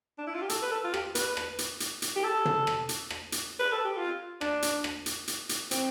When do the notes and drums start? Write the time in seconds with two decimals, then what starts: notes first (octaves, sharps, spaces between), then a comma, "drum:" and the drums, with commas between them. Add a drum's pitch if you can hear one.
0.18 D4
0.27 E4
0.34 F4
0.42 G4
0.49 A4, drum: hi-hat
0.62 B4
0.72 A4
0.84 F4
0.94 G4, drum: rim click
1.15 B4, drum: hi-hat
1.37 drum: rim click
1.59 drum: hi-hat
1.80 drum: hi-hat
2.02 drum: hi-hat
2.16 G4
2.24 A4
2.45 drum: tom
2.67 drum: rim click
2.89 drum: hi-hat
3.10 drum: rim click
3.32 drum: hi-hat
3.59 B4
3.72 A4
3.85 G4
3.97 F4
4.41 D4, drum: rim click
4.62 drum: hi-hat
4.84 drum: rim click
5.06 drum: hi-hat
5.28 drum: hi-hat
5.49 drum: hi-hat
5.71 C4, drum: hi-hat